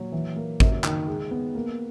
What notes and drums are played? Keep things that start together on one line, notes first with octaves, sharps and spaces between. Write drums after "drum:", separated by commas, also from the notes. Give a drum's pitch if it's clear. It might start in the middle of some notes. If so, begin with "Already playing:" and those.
Already playing: A#2 F#3
E3
A#3
F#2, drum: kick G#1
D#3, drum: clap
G#3
B3
A#3